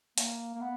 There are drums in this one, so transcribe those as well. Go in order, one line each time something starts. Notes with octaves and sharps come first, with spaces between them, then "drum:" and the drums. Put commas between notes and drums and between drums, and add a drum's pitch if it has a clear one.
A#3, drum: hi-hat
A#3
B3